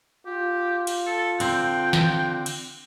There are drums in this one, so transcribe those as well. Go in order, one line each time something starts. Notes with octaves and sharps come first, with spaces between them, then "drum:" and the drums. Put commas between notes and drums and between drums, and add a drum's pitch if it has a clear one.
F4 G4
drum: cymbal
A4
D3 C4 G5, drum: cymbal
drum: snare
drum: cymbal